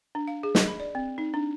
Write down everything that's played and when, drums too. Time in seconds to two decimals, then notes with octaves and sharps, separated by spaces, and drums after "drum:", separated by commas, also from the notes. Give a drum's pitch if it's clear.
0.15 D4
0.28 F5
0.43 G#4
0.55 D#5, drum: snare
0.68 B5
0.80 D5
0.95 C4
1.18 D#4
1.34 D4